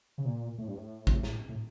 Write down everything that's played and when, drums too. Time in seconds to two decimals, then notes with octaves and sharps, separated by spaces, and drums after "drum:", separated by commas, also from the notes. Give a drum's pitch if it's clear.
0.18 C#3
0.25 A#2
0.58 A2
0.68 G2
0.78 A2
1.07 drum: kick
1.23 drum: snare
1.49 A2